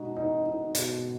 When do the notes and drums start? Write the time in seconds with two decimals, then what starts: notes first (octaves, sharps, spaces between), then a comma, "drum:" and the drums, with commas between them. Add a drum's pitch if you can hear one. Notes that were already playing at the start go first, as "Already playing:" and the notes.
Already playing: B2 G#3 D#4 F#4
0.17 D#4
0.46 D#4
0.75 B2, drum: hi-hat